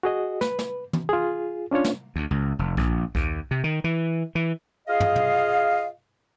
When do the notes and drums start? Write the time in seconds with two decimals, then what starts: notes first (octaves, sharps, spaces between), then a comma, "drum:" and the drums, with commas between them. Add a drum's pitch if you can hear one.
0.03 F#4 G#4 D#5
0.41 B4, drum: snare
0.59 drum: snare
0.93 drum: tom E3
1.09 F4 G#4
1.71 C#4 D4 F4 C#5
1.84 drum: snare
2.16 D2
2.31 C#2
2.59 F1
2.77 A#1, drum: kick B1
3.15 D#2, drum: kick B1
3.51 C3
3.64 D#3
3.84 E3
4.35 E3
4.88 F4 G#4 D#5 F5
5.00 drum: tom
5.16 drum: tom